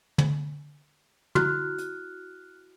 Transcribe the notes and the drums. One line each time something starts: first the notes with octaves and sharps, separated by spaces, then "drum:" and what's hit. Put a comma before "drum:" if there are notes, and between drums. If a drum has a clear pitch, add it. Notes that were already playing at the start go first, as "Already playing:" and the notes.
drum: tom
E4 F#4 F6 F#6, drum: tom
drum: hi-hat